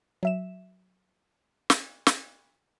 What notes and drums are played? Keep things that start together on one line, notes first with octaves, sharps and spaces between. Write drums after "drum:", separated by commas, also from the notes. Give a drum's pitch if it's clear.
F#3 E5 E7
drum: snare
drum: snare